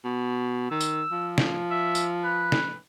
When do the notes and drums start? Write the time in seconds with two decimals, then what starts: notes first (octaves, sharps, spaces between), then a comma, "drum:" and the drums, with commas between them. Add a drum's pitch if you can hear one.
0.05 B2
0.71 D#3 E6
0.81 drum: tambourine
1.12 F3
1.38 drum: snare
1.71 E5
1.95 drum: tambourine
2.24 B4
2.52 drum: snare